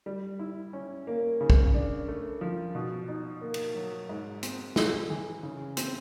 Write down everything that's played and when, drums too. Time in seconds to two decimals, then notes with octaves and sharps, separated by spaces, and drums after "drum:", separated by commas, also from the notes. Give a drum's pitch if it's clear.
0.06 G3
0.39 E4
0.73 C#4
1.07 A#3
1.41 C#3
1.50 drum: kick
1.74 D4
2.08 A3
2.41 F3
2.75 B2
3.08 D#4
3.41 A#3
3.54 drum: cymbal
3.75 F#3
4.09 G#2
4.43 C4, drum: hi-hat
4.76 G#3, drum: snare
5.10 E3
5.43 C#3
5.77 C4, drum: hi-hat